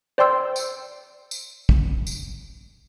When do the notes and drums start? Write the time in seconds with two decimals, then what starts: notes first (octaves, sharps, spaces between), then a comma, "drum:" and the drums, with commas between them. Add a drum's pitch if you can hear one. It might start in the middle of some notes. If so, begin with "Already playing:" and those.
0.18 C5 D5 G5 C6 E6 G6
0.56 drum: tambourine
1.31 drum: tambourine
1.69 drum: kick
2.07 drum: tambourine